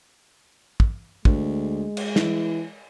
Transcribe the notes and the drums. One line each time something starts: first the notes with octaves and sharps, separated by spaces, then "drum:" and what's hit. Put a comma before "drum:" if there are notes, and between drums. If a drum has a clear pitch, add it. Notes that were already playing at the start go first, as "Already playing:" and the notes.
drum: kick
D2 G#3, drum: kick
drum: cymbal
E3, drum: snare